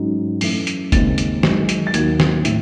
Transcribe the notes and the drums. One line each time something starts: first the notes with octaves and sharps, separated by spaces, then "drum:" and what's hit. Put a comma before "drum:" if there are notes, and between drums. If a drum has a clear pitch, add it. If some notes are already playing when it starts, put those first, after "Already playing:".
Already playing: G#2 F#3 C#4
F#2 E3 A3 C#4 C7, drum: open hi-hat
drum: hi-hat
D#2 C#3 G#3 C4 A6, drum: kick G1, hi-hat
drum: hi-hat
F#2 D#3 G#3, drum: snare
drum: hi-hat
A6
D#2 D#3 F#3 G#6, drum: hi-hat
drum: snare
A2, drum: hi-hat